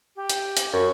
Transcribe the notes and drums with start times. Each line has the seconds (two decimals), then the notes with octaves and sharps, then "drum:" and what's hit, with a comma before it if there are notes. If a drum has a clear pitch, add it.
0.16 G4
0.30 drum: hi-hat
0.57 drum: hi-hat
0.73 F#2 C#6